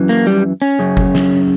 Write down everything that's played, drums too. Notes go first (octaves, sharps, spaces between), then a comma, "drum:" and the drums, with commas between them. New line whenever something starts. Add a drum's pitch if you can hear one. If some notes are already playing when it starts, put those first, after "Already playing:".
Already playing: F#2 E3
A#3
G3
C#4
F#2 C#3
drum: kick F#1
drum: snare